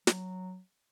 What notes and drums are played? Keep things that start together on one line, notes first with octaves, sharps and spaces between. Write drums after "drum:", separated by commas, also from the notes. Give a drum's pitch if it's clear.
F#3, drum: snare